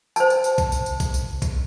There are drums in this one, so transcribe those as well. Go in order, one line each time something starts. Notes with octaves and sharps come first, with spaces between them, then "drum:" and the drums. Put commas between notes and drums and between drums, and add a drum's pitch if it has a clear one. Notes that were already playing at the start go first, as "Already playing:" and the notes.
C5 A5, drum: tambourine
drum: tambourine
drum: tambourine
drum: kick, tambourine
drum: tambourine
drum: tambourine
drum: kick, tambourine
drum: tambourine
drum: kick, tambourine